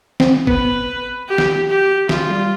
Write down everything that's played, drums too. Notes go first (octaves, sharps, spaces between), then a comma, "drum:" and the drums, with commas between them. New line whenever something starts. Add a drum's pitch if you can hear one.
C4, drum: snare
B3 B4, drum: kick
G4
drum: snare
G4
F4, drum: snare
G3